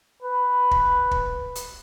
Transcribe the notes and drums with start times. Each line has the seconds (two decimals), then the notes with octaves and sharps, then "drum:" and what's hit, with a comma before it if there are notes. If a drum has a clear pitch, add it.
0.22 B4
0.71 drum: kick
1.11 drum: kick
1.55 drum: hi-hat